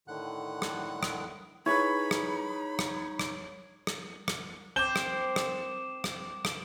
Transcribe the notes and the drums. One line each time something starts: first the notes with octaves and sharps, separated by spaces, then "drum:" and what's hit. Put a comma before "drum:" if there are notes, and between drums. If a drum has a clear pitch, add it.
A2 D3 D#3 F#5 F#6
drum: rim click
drum: rim click
D#4 E4 G#4 B4 C#5 B5
drum: rim click
drum: rim click
drum: rim click
drum: rim click
drum: rim click
C4 D6 G6 E7 G7
drum: rim click
drum: rim click
drum: rim click
drum: rim click